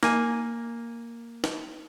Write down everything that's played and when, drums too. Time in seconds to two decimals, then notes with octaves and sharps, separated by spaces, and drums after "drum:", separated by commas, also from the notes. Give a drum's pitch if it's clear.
0.03 A#3 G#5, drum: snare
1.44 drum: snare